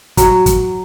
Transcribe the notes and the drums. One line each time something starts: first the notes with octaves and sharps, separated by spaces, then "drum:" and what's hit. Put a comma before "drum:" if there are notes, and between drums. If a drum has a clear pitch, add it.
F#3, drum: kick, hi-hat
drum: kick, hi-hat